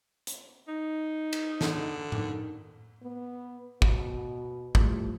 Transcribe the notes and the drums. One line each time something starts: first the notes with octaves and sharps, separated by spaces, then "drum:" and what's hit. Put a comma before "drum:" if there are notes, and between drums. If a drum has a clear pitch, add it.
drum: hi-hat
D#4
drum: cymbal
D3, drum: snare
D#3, drum: tom A2
B3
B2, drum: kick
A2 F3 G3, drum: kick